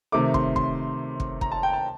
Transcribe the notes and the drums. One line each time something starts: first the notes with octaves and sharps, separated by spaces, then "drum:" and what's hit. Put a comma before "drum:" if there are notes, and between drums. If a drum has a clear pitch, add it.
C3 D#3 A3 D6
C6, drum: kick
C6, drum: kick
drum: kick
A#5, drum: kick
A5
G5
A5